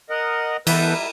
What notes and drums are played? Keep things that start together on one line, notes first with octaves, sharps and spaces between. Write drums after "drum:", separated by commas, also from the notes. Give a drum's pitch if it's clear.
A#4 D#5 F#5
E3 G3 B3 E4 A4 B4 A#5 G6, drum: cymbal